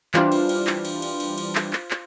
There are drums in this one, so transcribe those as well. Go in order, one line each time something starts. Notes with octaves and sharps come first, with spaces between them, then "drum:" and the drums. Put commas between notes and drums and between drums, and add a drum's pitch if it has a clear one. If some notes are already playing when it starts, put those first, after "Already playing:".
E3 G3 D4 F4 C5 F5, drum: clap
drum: cymbal
drum: cymbal
drum: clap
drum: cymbal
drum: cymbal
drum: cymbal
drum: cymbal
drum: clap
drum: clap
drum: clap